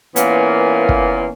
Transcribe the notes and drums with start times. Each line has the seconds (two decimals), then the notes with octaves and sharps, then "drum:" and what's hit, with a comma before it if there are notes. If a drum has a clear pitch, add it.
0.16 A#2 E3 A#3 B3 C#4, drum: hi-hat
0.89 drum: kick